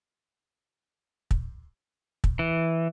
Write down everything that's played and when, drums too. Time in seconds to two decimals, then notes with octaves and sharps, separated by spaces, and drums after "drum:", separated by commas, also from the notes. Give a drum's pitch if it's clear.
1.31 drum: kick
2.24 drum: kick
2.39 E3